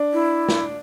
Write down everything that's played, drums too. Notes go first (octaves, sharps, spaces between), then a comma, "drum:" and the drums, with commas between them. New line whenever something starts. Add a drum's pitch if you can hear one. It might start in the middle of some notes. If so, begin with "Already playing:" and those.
Already playing: D4
E4
drum: snare